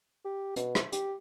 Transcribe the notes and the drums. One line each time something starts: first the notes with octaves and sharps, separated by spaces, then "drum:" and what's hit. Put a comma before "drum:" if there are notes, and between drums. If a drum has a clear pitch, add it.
G4
B2, drum: hi-hat
drum: rim click
G4, drum: hi-hat